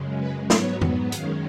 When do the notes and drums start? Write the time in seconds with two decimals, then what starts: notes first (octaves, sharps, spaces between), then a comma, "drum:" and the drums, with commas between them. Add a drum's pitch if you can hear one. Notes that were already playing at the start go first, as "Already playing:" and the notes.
Already playing: F#2 C#3 G#3
0.19 B4
0.50 G#2 F#3 B3 C#5, drum: snare
0.81 drum: tom F2
1.12 F#2 D#3 G#3 C#4 F5, drum: hi-hat